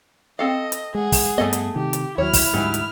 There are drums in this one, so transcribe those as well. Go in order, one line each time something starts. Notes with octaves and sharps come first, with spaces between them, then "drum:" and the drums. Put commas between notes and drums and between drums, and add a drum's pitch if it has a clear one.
C4 A4 D#5 F5
drum: hi-hat
G#3 G#4 F#5
drum: kick, open hi-hat
G2 A3 B3 A4 D#5
drum: hi-hat
C3 D#3 G4
drum: hi-hat
D#2 F#3 E4 C#5 F6
drum: kick, open hi-hat
D2 G#2 E3 F#3 G3 D#4
drum: hi-hat